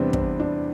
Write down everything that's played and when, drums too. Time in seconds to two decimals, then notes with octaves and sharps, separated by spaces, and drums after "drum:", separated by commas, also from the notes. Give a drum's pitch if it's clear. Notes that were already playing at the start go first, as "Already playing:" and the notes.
Already playing: E2 C3 G3 B3 C4 D4
0.13 C4, drum: kick
0.40 D4